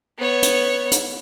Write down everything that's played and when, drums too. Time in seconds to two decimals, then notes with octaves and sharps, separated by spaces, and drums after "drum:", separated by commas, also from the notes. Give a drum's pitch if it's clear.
0.18 B3 C#5
0.43 drum: hi-hat
0.92 drum: hi-hat